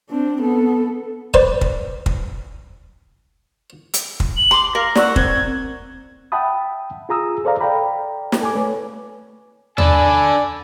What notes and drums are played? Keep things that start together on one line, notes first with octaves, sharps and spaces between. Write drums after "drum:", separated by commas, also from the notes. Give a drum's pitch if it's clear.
C4 D4
B3 A4
B4 C5 D5, drum: kick
drum: kick
drum: kick
drum: hi-hat
drum: kick
F#7
C6 D6
A#4 F5
D5 F#5 C#6 E6, drum: snare
C4 G#6, drum: kick
E5 F#5 G5 A5 B5 D#6
F4 G#4 A#5 D#6 E6
A4 C5 D5 F5 A#5
A4 D5 F5 G5 A#5 B5
drum: snare
A4 G#5 D6
A3 B4 C#5
D4 A4 D5 G#5 B5, drum: tom D#2